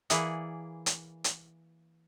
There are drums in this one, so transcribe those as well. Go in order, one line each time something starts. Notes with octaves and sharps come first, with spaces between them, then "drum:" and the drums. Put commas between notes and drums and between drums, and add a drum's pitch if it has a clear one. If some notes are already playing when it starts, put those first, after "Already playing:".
E3 A#3 E4 G#4 D5 F#5, drum: hi-hat
drum: hi-hat
drum: hi-hat